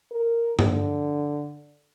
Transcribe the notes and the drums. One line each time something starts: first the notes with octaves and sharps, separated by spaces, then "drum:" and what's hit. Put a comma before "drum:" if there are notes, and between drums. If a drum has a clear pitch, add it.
A#4
D3, drum: tom G2